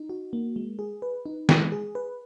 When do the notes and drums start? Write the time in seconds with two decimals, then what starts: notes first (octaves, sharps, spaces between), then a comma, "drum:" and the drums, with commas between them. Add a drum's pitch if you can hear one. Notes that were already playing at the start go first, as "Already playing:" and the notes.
Already playing: D#4
0.09 F#4
0.33 A#3
0.56 G#3
0.79 G#4
1.02 B4
1.26 D#4
1.49 G#3, drum: snare
1.72 G#4
1.95 B4